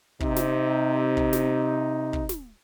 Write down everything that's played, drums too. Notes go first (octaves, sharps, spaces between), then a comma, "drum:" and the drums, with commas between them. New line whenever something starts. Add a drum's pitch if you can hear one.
C3 D#4, drum: kick
drum: snare
drum: kick
drum: snare
drum: kick
drum: snare